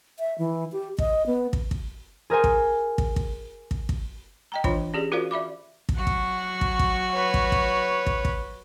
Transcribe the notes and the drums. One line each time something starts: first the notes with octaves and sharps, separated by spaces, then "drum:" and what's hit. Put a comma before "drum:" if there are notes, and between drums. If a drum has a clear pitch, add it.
E5
E3
G4
D#5, drum: kick
B3
drum: kick
drum: kick
G#4 A#4 C5 G#5
drum: kick
drum: kick
drum: kick
drum: kick
drum: kick
D#5 G5 A#5
E3 D4 F4 C#5 B5, drum: kick
C#4 G4 G#4 D5
F4 F#4 A#4 C5 D5 F5
D5 E5 B5 D6
drum: kick
F#3 F#4 F#5 C#6
drum: kick
drum: kick
drum: kick
B4 C#5
drum: kick
drum: kick
drum: kick
drum: kick